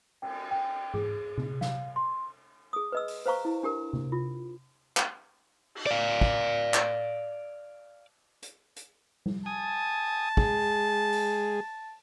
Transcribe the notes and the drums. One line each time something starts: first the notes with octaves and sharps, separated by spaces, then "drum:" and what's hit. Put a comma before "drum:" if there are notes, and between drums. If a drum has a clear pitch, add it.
G5, drum: cymbal
G5
G#4, drum: tom G#2
drum: tom C3
F5, drum: snare
C6
G#4 D#6
B4 D#5 E6
drum: open hi-hat
B4 C5 F5 A#5 C#6
E4
D4 G4 A#4
drum: tom C3
F4
drum: clap
drum: cymbal
D5 F5
drum: kick
drum: clap
drum: hi-hat
drum: hi-hat
drum: tom G3
G#5 A5 D#6
G#3 G#4, drum: kick
drum: open hi-hat